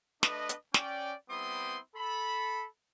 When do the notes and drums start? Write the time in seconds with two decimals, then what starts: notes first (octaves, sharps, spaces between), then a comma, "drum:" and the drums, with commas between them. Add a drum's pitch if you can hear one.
0.23 A3 D4 B4 D#5, drum: snare
0.49 drum: hi-hat
0.74 C#4 D5 G5, drum: snare
1.30 G3 B3 C4 E4 C6 D#6
1.96 A4 B5